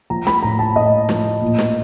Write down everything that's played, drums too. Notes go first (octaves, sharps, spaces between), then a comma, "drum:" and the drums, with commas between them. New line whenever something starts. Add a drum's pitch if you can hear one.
F3 A#5
B5, drum: snare
A2 A#5
A5
A2 D#5
F3, drum: snare
A#2
drum: snare